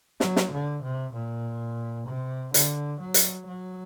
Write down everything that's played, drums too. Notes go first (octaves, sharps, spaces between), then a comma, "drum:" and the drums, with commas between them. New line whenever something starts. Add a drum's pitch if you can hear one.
F#3, drum: snare
drum: snare
D3
C3
A#2
C3
D3, drum: hi-hat
F#3
drum: hi-hat
F#3